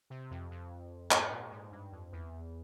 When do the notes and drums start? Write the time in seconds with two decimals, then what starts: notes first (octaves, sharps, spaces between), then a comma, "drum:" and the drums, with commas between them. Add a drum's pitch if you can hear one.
0.10 C3
0.31 F2
0.51 F2
1.11 G#2, drum: clap
1.31 A#2
1.51 G#2
1.72 G2
1.92 F2
2.12 E2